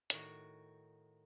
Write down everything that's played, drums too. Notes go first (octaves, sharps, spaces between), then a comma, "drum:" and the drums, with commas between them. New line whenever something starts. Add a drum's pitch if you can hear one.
A2 D#3 F#4, drum: hi-hat